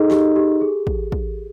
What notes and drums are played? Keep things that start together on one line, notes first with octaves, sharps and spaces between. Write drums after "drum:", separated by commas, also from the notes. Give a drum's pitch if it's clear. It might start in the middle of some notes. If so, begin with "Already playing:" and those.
Already playing: D#4 G#4 A4
G4, drum: snare
G4
G#4
drum: kick
drum: kick